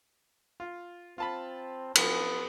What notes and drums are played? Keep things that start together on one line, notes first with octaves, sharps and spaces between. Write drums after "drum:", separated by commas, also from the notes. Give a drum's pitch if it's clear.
F4
C4 F4 A5 B5
B1 F3 B3, drum: cymbal